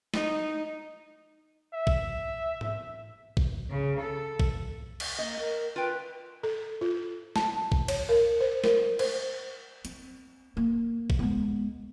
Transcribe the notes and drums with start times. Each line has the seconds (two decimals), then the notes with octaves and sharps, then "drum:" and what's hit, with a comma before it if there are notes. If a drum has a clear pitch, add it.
0.14 D#4, drum: snare
1.74 E5
1.87 drum: kick A#1
2.61 drum: tom G#2
3.37 drum: kick A#1
3.70 C#3
4.00 A4
4.40 drum: kick A#1
5.00 drum: cymbal
5.19 A#3 D#5
5.39 A#4
5.76 F4 B4 G5
6.43 A4
6.81 F4
7.36 A5, drum: snare
7.72 drum: kick A#1
7.88 C#5, drum: cymbal
8.09 A#4
8.40 C5
8.64 A#4, drum: snare
8.99 C5, drum: cymbal
9.85 C4, drum: hi-hat
10.57 A#3
11.10 drum: kick A#1
11.19 G#3 B3